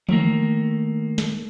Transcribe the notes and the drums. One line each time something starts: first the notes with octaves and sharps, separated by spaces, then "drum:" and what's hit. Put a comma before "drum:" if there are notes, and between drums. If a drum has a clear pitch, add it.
D#3 A3 A#3, drum: tom E3
drum: snare